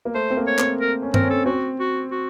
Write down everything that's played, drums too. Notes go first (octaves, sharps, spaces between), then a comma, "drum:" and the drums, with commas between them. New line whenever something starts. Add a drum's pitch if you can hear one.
A#3
A3 C5
C4
A#3
C#5
C4, drum: clap
A#4
C#4
C4 A#4, drum: tom G2
C#4
A4
C4 F#4
F#4
F#4